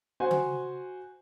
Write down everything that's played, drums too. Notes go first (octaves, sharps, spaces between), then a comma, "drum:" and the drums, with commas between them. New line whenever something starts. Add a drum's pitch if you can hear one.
F#4 C5 G#5
drum: tom C#3